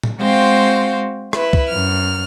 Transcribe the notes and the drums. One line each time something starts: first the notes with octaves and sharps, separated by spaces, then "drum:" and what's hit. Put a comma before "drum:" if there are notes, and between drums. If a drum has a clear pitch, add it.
drum: tom
G#3 C4 F#4 C5 F5 G5
E4 B4, drum: rim click
drum: kick
F#2 F6